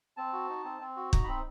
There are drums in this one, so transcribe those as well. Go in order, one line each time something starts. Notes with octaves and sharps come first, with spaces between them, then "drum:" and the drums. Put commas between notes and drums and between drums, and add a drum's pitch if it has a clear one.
C4 A5
F#4
D#4
C4
C4
F#4
D#4 A#5, drum: kick
C4 B5